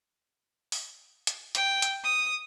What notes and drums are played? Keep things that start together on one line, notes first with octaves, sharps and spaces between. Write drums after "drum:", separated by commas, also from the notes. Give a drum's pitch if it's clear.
drum: open hi-hat
drum: hi-hat
G5, drum: hi-hat
drum: hi-hat
D#6